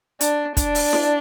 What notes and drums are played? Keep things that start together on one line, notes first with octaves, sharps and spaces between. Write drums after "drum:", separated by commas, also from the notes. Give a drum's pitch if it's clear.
D4, drum: hi-hat
D4, drum: kick, hi-hat
drum: open hi-hat
drum: snare E4